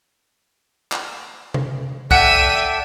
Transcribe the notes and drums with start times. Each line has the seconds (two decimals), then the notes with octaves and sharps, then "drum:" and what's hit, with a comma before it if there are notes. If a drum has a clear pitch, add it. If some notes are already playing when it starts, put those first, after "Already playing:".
0.92 drum: clap
1.54 drum: tom C3
2.11 A4 D5 E5 F#5 G5 F#6 D#7, drum: kick